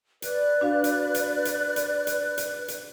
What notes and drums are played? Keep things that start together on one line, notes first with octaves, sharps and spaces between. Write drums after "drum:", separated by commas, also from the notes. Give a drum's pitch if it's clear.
B4 D5 F#6, drum: hi-hat
D4 F#4 F5
drum: hi-hat
drum: hi-hat
drum: hi-hat
drum: hi-hat
drum: hi-hat
drum: hi-hat
drum: hi-hat